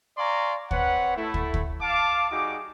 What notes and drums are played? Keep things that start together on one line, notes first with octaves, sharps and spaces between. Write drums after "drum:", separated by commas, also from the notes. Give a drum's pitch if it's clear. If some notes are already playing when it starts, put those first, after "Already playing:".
D5 F5 G#5 A#5 C6 C#6
C4 B4 C#5 F#5, drum: kick
A3 E4
drum: kick
drum: kick
F5 A5 D6
G3 D#4 F#4 G#4 D6